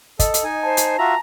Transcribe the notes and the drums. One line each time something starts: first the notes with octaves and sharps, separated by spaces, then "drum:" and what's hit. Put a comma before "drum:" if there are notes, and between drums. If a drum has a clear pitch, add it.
A4 D#5, drum: kick, hi-hat
drum: hi-hat
D#4 G#5
C5 A5
drum: hi-hat
F4 F#4 E5 A#5